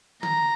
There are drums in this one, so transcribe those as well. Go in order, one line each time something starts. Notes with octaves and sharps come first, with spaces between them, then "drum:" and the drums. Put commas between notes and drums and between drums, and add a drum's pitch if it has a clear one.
A#5, drum: tom